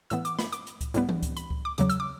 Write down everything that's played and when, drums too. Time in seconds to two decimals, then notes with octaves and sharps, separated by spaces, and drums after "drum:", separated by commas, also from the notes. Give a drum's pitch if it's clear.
0.10 A2 E3 B3 E6, drum: hi-hat
0.25 D6, drum: hi-hat
0.39 B5, drum: snare
0.52 D6, drum: hi-hat
0.67 drum: hi-hat
0.81 drum: kick C#2, hi-hat
0.94 A2 G3 B3, drum: hi-hat
1.09 drum: tom E3
1.23 drum: kick C#2, hi-hat
1.37 B5, drum: hi-hat
1.51 drum: kick C#2
1.65 D6
1.78 E2 C#3 F#3 D6, drum: hi-hat
1.90 E6, drum: hi-hat
2.00 D6